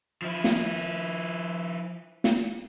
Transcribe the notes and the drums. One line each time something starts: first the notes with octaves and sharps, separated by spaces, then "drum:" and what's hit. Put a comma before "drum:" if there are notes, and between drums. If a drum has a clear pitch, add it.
F3 E4
drum: snare
drum: snare